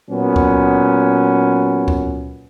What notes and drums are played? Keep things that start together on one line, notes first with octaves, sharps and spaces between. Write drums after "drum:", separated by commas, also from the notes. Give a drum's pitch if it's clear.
A#2 F#3 B3 C#4
drum: kick C#2
drum: kick C#2